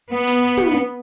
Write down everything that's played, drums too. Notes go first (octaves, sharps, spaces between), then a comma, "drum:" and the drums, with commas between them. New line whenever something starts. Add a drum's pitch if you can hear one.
B3
drum: hi-hat
drum: tom